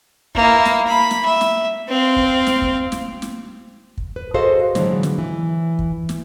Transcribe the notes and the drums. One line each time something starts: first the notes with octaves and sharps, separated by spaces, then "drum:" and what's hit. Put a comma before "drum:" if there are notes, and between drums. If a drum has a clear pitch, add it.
A#3 E4, drum: kick
drum: snare
B5
drum: snare
E5
drum: snare
C4 F5
drum: kick
drum: snare
drum: kick
drum: snare
drum: snare
drum: kick
B4
F#4 G#4 A4 C5 D#5 F5
A#2 D3 E3 F#3 G#3, drum: snare
drum: snare
E3
drum: kick
drum: snare